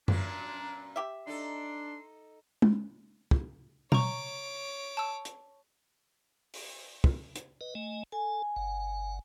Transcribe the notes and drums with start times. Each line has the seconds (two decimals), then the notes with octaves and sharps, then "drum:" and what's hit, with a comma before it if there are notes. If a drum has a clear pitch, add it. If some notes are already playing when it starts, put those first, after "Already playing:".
0.08 F#2 A#2 B3 D4, drum: tom F#2
0.96 G4 E5
1.27 D4 D#4 A4 C6
2.62 drum: tom
3.31 drum: kick
3.92 C#5 A#5 C#6 D6, drum: tom B2
4.97 A5 E6
5.25 drum: hi-hat
6.54 drum: open hi-hat
7.04 drum: kick
7.36 drum: hi-hat
7.61 B4 D#5
7.75 A3 D#5 G#5
8.12 A4 G#5
8.56 G1 F#5